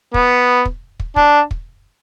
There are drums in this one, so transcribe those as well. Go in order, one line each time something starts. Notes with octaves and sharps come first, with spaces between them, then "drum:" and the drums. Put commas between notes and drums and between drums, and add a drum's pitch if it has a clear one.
B3, drum: kick
drum: kick
drum: kick
D4, drum: kick
drum: kick